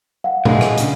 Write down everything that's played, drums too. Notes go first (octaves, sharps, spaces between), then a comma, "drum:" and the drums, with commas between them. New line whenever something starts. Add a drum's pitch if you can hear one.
F5 F#5
A2 D3 G#3 A3 G#4, drum: tom A#2
drum: rim click
C#3 C#4, drum: hi-hat